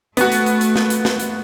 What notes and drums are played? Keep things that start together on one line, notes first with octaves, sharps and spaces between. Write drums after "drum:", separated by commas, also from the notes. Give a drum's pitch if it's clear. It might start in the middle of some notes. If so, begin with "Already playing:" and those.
A3 B3 F#4, drum: hi-hat
drum: hi-hat
drum: hi-hat
drum: hi-hat
drum: snare
drum: hi-hat
drum: snare
drum: hi-hat